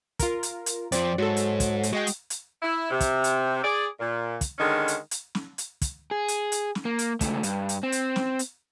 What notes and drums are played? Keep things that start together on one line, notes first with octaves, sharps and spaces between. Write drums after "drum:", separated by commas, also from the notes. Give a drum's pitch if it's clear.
F4 A#4, drum: kick, hi-hat
drum: hi-hat
drum: hi-hat
F2 F3 C4 D5, drum: hi-hat
G#2 F#3 F#4 A4
drum: hi-hat
drum: kick, hi-hat
drum: hi-hat
G#3 F#4 D#5 G5
drum: hi-hat
drum: hi-hat
E4
C3
drum: kick, hi-hat
drum: hi-hat
G#4 D5
A#2
drum: kick, hi-hat
D3 D#3 G#3 C#4
drum: hi-hat
drum: hi-hat
drum: snare
drum: hi-hat
drum: kick, hi-hat
G#4
drum: hi-hat
drum: hi-hat
drum: snare
A#3
drum: hi-hat
C#2 A3, drum: kick, hi-hat
G2, drum: hi-hat
drum: hi-hat
C4
drum: hi-hat
drum: snare
drum: hi-hat